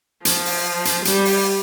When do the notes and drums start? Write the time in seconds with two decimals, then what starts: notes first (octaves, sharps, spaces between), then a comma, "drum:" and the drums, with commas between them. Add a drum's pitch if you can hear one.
0.25 F3, drum: hi-hat
0.45 drum: open hi-hat
0.85 drum: hi-hat
1.05 G3, drum: hi-hat
1.25 drum: open hi-hat